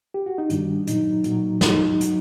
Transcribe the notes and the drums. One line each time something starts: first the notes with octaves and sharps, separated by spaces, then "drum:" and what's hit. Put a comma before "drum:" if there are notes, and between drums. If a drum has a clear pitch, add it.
G4
F#4
D#4
G2 D#3 G3 D4, drum: hi-hat
A#2 F#3 D#4, drum: hi-hat
A#2 F#3, drum: hi-hat
G2 F#3 D#4, drum: snare
F#3, drum: hi-hat